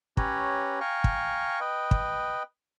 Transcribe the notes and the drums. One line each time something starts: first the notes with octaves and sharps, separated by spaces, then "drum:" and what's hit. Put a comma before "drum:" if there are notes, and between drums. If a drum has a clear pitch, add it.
C#4 G4 B4 C#5 A#5, drum: kick
F5 G5 G#5 A#5 C#6
drum: kick
B4 D#5 G5
drum: kick